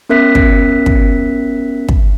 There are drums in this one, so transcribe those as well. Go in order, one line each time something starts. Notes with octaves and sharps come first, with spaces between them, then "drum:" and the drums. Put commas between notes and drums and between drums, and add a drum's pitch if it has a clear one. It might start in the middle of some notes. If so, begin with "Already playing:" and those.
B3 C#4 A#4 E5 F#6 B6
drum: kick
drum: kick
drum: kick